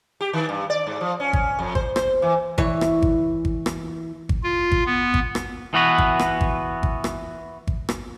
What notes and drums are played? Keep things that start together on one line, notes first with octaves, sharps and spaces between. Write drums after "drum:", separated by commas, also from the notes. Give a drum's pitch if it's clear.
G4
D#3
G2
D5
G#2
F3
C#4
drum: kick G#1
F2
C5, drum: kick G#1
C5, drum: rim click
E3
E3 C#5, drum: kick G#1
drum: rim click
drum: kick G#1
drum: kick G#1
drum: rim click
drum: kick G#1
F4
drum: kick G#1
B3
drum: kick G#1
drum: rim click
E3 B3 F#4 B4
drum: kick G#1
drum: rim click
drum: kick G#1
drum: kick G#1
drum: rim click
drum: kick G#1
drum: rim click